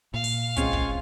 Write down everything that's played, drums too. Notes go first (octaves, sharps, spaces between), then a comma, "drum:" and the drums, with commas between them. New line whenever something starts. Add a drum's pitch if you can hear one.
A#2 F5
drum: open hi-hat
G#3 C4 C#4 F4 G#5 C#6, drum: kick, hi-hat
drum: kick